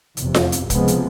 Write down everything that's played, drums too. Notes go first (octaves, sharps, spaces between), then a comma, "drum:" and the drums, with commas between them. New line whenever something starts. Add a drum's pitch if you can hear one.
F1 E2 C3, drum: hi-hat
drum: snare F4
drum: hi-hat
C#2 C3 F3 G#3 B3, drum: kick, hi-hat
drum: hi-hat